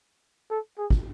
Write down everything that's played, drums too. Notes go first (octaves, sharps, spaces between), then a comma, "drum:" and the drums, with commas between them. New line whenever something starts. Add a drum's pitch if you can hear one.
A4
G#4
drum: kick